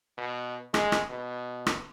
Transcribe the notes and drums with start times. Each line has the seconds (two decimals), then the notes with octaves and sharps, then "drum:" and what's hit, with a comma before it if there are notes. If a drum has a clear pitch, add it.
0.18 B2
0.74 G#3, drum: rim click
0.92 drum: rim click
1.10 B2
1.66 drum: rim click